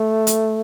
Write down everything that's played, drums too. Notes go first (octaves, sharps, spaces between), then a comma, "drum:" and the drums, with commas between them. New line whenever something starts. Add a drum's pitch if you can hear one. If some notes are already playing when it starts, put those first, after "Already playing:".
Already playing: A3
drum: hi-hat